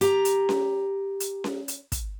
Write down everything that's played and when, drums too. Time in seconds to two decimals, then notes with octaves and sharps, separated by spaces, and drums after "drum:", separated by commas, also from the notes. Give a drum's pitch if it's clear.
0.01 G4 A#5, drum: hi-hat
0.25 drum: hi-hat
0.49 drum: snare C#4
1.20 drum: hi-hat
1.44 drum: snare C#4
1.68 drum: hi-hat
1.92 drum: kick, hi-hat